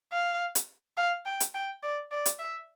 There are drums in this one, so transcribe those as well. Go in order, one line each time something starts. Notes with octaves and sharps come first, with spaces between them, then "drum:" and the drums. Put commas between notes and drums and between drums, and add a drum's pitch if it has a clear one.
F5
drum: hi-hat
F5
G5
drum: hi-hat
G5
D5
D5
drum: hi-hat
E5